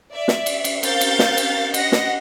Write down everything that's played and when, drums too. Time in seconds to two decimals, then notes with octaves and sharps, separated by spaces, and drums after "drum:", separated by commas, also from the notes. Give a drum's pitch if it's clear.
0.14 D5 E5
0.28 drum: snare
0.46 drum: cymbal
0.64 drum: cymbal
0.83 C4 A#4 F5 G6 A6, drum: cymbal
1.01 drum: cymbal
1.19 drum: snare
1.37 drum: cymbal
1.74 D#5 F#5 A#6, drum: cymbal
1.92 drum: snare